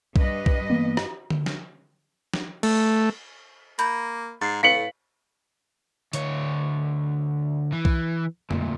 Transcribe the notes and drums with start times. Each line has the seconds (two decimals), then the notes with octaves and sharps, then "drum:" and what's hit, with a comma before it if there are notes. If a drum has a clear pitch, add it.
0.16 G2 B4 D#5, drum: kick B1
0.46 drum: kick B1
0.70 E3 A#3 B3
0.97 drum: rim click
1.30 drum: tom D3
1.46 drum: snare
2.34 drum: snare
2.63 A3, drum: cymbal
3.79 A#3 B5 G6, drum: hi-hat
4.42 G#2 A6 C7
4.63 A2 B4 F5 B6 C#7 F#7
6.13 D2 C#5, drum: hi-hat
7.72 E3
7.85 drum: kick B1
8.51 D2 A#2, drum: tom F2